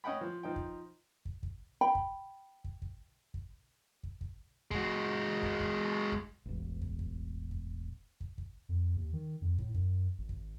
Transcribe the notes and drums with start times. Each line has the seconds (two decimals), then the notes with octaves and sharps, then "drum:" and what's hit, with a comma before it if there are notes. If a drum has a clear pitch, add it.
0.04 C#4 D#5 F#5 G5 B5
0.21 F3
0.43 F3 D#4 G5
0.56 drum: kick
1.25 drum: kick
1.43 drum: kick
1.81 G5 B5
1.95 drum: kick
2.64 drum: kick
2.82 drum: kick
3.34 drum: kick
4.03 drum: kick
4.21 drum: kick
4.71 G#3 F#4, drum: kick
5.42 drum: kick
5.60 drum: kick
6.12 drum: kick
6.46 E1 A1
6.81 drum: kick
6.99 drum: kick
7.51 drum: kick
8.20 drum: kick
8.38 drum: kick
8.69 F2
8.97 D#2
9.13 D#3
9.42 F2
9.58 A2, drum: kick
9.74 F#2, drum: kick
10.18 G#1
10.29 drum: kick